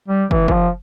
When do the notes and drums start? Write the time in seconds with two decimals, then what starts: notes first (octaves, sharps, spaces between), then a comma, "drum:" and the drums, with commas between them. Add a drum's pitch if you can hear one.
0.08 G3
0.31 E3, drum: kick
0.48 E3, drum: kick
0.52 F3